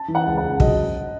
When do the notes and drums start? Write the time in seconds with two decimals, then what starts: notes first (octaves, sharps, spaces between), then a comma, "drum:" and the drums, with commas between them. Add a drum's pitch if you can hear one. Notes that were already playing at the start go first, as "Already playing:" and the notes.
Already playing: A5
0.08 E3
0.15 F#5
0.26 C#2
0.37 F#5
0.43 C#2
0.60 F#3 D#5, drum: kick